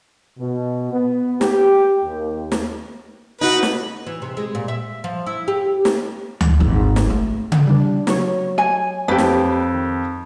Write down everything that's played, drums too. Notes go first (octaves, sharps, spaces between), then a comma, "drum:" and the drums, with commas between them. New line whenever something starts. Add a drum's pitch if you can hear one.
B2
B3
G4, drum: snare
D#2
drum: snare
D#4 F#4 B4
drum: snare
E3
C3
G#3
A#2
E5
F3
E4
G4
drum: snare
drum: tom D2
G#1
drum: snare
A3
drum: tom C#3
G3 D4
F#3 C#5, drum: snare
G#5
F2 G4 B4
drum: snare
D#3